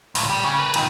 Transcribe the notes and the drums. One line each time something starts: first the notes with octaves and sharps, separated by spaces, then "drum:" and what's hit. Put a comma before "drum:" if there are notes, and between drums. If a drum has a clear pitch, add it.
C#2 A2, drum: open hi-hat
G3
C#3
A#4 B4
A#2 D#3, drum: cymbal